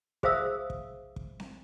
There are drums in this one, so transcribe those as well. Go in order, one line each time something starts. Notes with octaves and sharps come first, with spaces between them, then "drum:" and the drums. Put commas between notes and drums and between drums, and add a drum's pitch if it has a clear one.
G#4 C5 E5 F5 D#6 E6, drum: kick
drum: kick
drum: kick
drum: snare C4